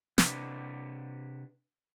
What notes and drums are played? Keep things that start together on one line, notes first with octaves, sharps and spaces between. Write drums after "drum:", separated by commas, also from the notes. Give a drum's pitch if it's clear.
C3 D4 B4, drum: snare